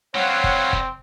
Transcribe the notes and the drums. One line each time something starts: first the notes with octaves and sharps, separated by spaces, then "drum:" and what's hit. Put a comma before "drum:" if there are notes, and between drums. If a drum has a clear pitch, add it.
F#3 G3 C4 C#5 F5 F#5, drum: snare
drum: kick
drum: kick